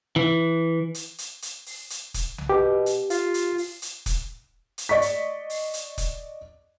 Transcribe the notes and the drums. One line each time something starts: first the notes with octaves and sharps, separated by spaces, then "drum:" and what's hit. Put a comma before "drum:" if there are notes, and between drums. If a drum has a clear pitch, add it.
E3
drum: hi-hat
drum: hi-hat
drum: hi-hat
drum: open hi-hat
drum: hi-hat
drum: kick, hi-hat
drum: tom B1
B2 G4
drum: hi-hat
F4, drum: hi-hat
drum: hi-hat
drum: open hi-hat
drum: hi-hat
drum: kick, hi-hat
drum: hi-hat
D5 D#5 C#6 B6
drum: hi-hat
drum: open hi-hat
drum: hi-hat
drum: kick, hi-hat